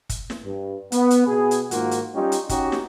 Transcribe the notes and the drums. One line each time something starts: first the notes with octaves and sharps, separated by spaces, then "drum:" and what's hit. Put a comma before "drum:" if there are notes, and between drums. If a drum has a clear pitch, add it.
drum: kick, hi-hat
drum: snare
G2
B3, drum: hi-hat
drum: hi-hat
B2 B3 G#4
drum: hi-hat
G#2 D#3 A#3 F4 F#4, drum: hi-hat
drum: hi-hat
G3 C#4 D#4 F4 G4
drum: hi-hat
C#4 D#4 F#4 G4, drum: kick, hi-hat
drum: snare